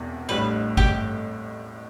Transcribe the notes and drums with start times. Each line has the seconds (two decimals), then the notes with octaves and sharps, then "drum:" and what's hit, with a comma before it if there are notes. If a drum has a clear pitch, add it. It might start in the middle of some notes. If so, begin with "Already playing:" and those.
Already playing: E1 E2 C3 E3 B3
0.28 A1 A2 G3 D4 B4
0.77 G4, drum: kick G#1